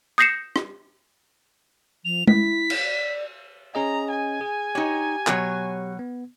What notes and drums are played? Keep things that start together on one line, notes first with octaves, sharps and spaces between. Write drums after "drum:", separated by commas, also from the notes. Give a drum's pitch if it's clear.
D#6 G6 A#6 C7 C#7 E7
drum: rim click
F3 F7
E4 B6, drum: tom G#3
drum: cymbal
D5
C#4 G#4 D#5 A#5
G#5
G#4
D#4 G4 C#5
B2 F#3 C#5, drum: clap
B3